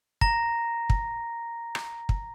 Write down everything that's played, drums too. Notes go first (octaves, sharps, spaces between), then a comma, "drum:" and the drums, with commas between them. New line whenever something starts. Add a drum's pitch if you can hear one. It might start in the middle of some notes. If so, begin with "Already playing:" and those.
A#5 A#6, drum: kick
drum: kick
drum: rim click
drum: kick